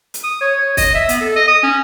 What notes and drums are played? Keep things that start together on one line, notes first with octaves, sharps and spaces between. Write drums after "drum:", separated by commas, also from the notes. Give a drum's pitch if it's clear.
drum: hi-hat
D#6
C#5
C#5
D#5, drum: kick, open hi-hat
E5
B3, drum: hi-hat
A4
D#5
D#6
C#4